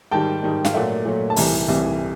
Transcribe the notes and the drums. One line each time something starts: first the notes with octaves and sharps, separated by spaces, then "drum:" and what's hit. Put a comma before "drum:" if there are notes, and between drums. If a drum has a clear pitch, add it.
G#2 D#3 G3 G5 A5
G#2 D#3 G3
F5, drum: snare
A#2 F#3 A3 E5 F#5
A#2 F#3 A3
A5
C2 C3 E3 G3 G#5 A#5, drum: open hi-hat
C2 C3 E3 G3